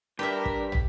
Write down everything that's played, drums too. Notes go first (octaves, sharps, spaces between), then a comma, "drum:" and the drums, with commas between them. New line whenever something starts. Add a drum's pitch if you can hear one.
G2 D4 G4 A#4 E5 B6
drum: kick
drum: tom